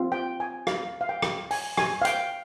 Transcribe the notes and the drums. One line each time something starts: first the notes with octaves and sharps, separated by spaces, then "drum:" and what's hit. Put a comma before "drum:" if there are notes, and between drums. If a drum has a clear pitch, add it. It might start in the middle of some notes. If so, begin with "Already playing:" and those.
Already playing: C4 F4
G5
G#5
F5, drum: rim click
F5
G5
drum: rim click
G#5, drum: open hi-hat
G#5, drum: rim click
F5
G5, drum: hi-hat